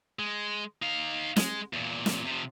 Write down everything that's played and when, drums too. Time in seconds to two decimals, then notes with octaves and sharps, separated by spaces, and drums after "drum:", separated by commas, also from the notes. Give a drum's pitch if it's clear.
0.19 G#3
0.82 D#4 F5
1.36 G#3, drum: snare
1.73 E2 A#2
2.06 drum: snare
2.26 C3 F3